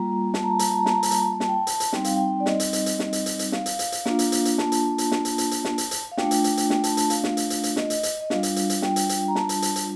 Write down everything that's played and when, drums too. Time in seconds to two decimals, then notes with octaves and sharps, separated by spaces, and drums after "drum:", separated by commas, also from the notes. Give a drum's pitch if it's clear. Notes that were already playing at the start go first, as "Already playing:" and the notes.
Already playing: G3 A#3 F4 A#5
0.34 A5, drum: snare
0.43 A#5
0.51 A5
0.59 A#5, drum: hi-hat
0.68 A5
0.77 A#5
0.86 A5, drum: snare
0.94 A#5
1.03 A5, drum: hi-hat
1.11 A#5, drum: hi-hat
1.20 A5
1.40 A5, drum: snare
1.48 G5
1.54 A5
1.67 drum: hi-hat
1.80 drum: hi-hat
1.93 G3 C4 D#4 G5, drum: snare
2.04 F5, drum: hi-hat
2.16 G5
2.40 D5
2.46 D#5, drum: snare
2.60 drum: hi-hat
2.73 drum: hi-hat
2.86 drum: hi-hat
2.99 drum: snare
3.13 drum: hi-hat
3.26 drum: hi-hat
3.39 drum: hi-hat
3.52 F5, drum: snare
3.66 drum: hi-hat
3.79 drum: hi-hat
3.92 drum: hi-hat
4.06 A#3 D4 F4, drum: snare
4.19 drum: hi-hat
4.32 drum: hi-hat
4.45 drum: hi-hat
4.58 A5, drum: snare
4.72 drum: hi-hat
4.98 drum: hi-hat
5.12 drum: snare
5.25 drum: hi-hat
5.38 drum: hi-hat
5.51 drum: hi-hat
5.65 drum: snare
5.78 drum: hi-hat
5.91 drum: hi-hat
6.12 F5
6.18 A3 D4 F4 G5, drum: snare
6.31 drum: hi-hat
6.44 drum: hi-hat
6.57 drum: hi-hat
6.70 G5, drum: snare
6.84 A5, drum: hi-hat
6.97 A5, drum: hi-hat
7.10 F5, drum: hi-hat
7.24 drum: snare
7.37 drum: hi-hat
7.50 drum: hi-hat
7.63 drum: hi-hat
7.76 D#5, drum: snare
7.90 drum: hi-hat
8.03 drum: hi-hat
8.21 D#5
8.30 G3 D4 F4 F5, drum: snare
8.43 drum: hi-hat
8.56 drum: hi-hat
8.70 drum: hi-hat
8.82 G5, drum: snare
8.96 drum: hi-hat
9.09 drum: hi-hat
9.28 A#5
9.35 A5, drum: snare
9.49 drum: hi-hat
9.62 drum: hi-hat
9.76 drum: hi-hat